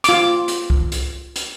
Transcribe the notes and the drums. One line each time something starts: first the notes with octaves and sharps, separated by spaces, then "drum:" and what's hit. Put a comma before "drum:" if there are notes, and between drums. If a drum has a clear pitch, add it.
F4 D6, drum: hi-hat
drum: hi-hat
drum: kick C2
drum: hi-hat
drum: hi-hat